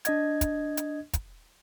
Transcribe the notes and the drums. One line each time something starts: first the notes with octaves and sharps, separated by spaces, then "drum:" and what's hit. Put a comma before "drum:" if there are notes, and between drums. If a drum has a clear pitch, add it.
D4 D#5 G#6, drum: hi-hat
drum: kick, hi-hat
drum: hi-hat
drum: kick, hi-hat